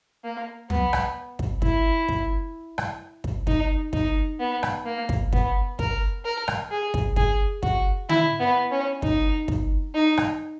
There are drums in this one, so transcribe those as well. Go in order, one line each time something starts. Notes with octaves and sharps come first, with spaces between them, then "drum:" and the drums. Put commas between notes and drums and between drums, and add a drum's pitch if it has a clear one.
A#3
B3, drum: tom
drum: rim click
drum: kick
E4, drum: kick
drum: kick
drum: rim click
drum: kick
D#4, drum: kick
D#4, drum: kick
B3
drum: rim click
A#3
drum: kick
B3, drum: kick
A#4, drum: kick
A#4
drum: rim click
G#4
drum: kick
G#4, drum: kick
F#4, drum: kick
E4, drum: tom D3
B3
C#4
D#4, drum: kick
drum: kick
D#4
drum: rim click